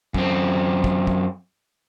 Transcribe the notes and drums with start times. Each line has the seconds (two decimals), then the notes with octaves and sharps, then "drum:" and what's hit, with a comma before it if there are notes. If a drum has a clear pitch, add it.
0.14 F#2 C4, drum: kick
0.84 drum: kick
1.07 drum: kick